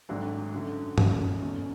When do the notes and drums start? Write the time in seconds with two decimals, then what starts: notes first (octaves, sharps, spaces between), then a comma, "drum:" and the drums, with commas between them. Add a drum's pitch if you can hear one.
0.09 G#1 G#2 F#3 A3 D4
0.53 F#2 D3 F#3 A3
0.98 F#1 E2 C#3 F#3 A3, drum: tom G2
1.42 F#1 E2 B2 A3 C#4